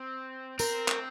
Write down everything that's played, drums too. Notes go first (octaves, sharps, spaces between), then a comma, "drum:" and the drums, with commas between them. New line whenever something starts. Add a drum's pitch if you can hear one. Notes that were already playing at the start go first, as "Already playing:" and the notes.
Already playing: C4
C4 A#4, drum: tambourine
drum: clap